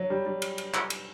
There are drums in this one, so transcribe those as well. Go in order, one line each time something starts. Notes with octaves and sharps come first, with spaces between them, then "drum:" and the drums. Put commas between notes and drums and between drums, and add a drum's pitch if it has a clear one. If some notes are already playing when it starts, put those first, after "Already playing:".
Already playing: F#3
G3
G3
drum: cymbal
drum: cymbal
drum: clap
drum: cymbal